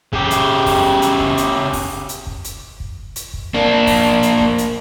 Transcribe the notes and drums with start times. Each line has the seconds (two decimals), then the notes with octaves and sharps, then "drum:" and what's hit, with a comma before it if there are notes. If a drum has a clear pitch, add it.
0.13 C#3 G4, drum: kick
0.31 drum: hi-hat
0.66 drum: kick, open hi-hat
1.02 drum: hi-hat
1.20 drum: kick
1.38 drum: hi-hat
1.73 drum: kick, open hi-hat
2.09 drum: hi-hat
2.27 drum: kick
2.44 drum: hi-hat
2.80 drum: kick
3.16 drum: hi-hat
3.34 drum: kick
3.54 A#3 D4
3.87 drum: kick, open hi-hat
4.23 drum: hi-hat
4.40 drum: kick
4.58 drum: hi-hat